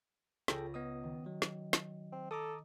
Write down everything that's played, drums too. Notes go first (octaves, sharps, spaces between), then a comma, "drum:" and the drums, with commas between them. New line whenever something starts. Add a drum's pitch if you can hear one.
C#2 C#4 G#4 A4 G5 A#6, drum: snare
B3 D#5 D#6
D#3
F#3
drum: snare
drum: snare
C4
A4 A#5 D6 D#6